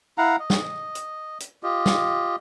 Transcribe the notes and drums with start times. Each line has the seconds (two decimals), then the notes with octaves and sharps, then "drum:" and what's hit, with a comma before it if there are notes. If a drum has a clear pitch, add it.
0.18 E4 F5 F#5 A#5
0.39 D#5
0.50 drum: snare
0.95 drum: hi-hat
1.40 drum: hi-hat
1.63 F4 G4 D#5
1.86 drum: snare